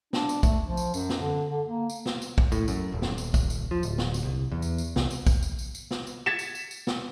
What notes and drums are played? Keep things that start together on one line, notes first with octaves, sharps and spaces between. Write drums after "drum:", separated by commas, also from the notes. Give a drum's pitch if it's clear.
D4, drum: snare
drum: tambourine
A3, drum: kick, tambourine
F3
drum: tambourine
F#2, drum: tambourine
drum: snare
D3
D3
A#3
drum: tambourine
drum: snare
drum: tambourine
drum: kick
A2, drum: tambourine
F#2, drum: tambourine
D#1
drum: snare
drum: tambourine
drum: kick, tambourine
drum: tambourine
F3
D1, drum: tambourine
drum: snare
drum: tambourine
C2
E2
drum: tambourine
drum: tambourine
C2, drum: snare
drum: tambourine
drum: kick, tambourine
drum: tambourine
drum: tambourine
drum: tambourine
drum: snare
drum: tambourine
G#6 A6 B6 C#7 E7
drum: tambourine
drum: tambourine
drum: tambourine
drum: snare